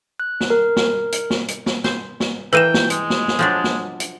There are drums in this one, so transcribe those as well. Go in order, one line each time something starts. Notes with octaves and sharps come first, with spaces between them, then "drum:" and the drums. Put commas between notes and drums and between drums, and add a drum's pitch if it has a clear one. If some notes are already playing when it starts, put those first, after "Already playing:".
F#6
drum: snare
A#4
drum: snare
drum: hi-hat
drum: snare
drum: hi-hat
drum: snare
C5, drum: snare
drum: snare
E3 A#3 B4 G5 D#7 E7
drum: snare
G#3, drum: hi-hat
drum: snare
drum: snare
F3 F#3 D4
drum: snare
drum: hi-hat